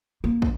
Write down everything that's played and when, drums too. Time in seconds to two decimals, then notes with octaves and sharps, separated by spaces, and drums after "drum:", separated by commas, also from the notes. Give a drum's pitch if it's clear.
0.24 A#3
0.42 drum: kick